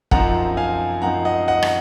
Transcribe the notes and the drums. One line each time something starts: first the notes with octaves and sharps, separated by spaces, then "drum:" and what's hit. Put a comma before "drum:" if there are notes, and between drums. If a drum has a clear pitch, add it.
F#2 F3 C4 D#4 F#5 A#5, drum: kick
F5 G#5
F#2 F3 C4 D#4 F#5 A#5
D#5 F#5
D#5 F#5
drum: rim click